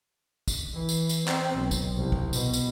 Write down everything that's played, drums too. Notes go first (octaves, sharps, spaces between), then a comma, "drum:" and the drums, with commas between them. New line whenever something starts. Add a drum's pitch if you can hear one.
drum: kick, tambourine
E3
drum: tambourine
drum: tambourine
C4, drum: clap
B1
drum: kick, tambourine
C2
drum: kick
B2, drum: tambourine
drum: tambourine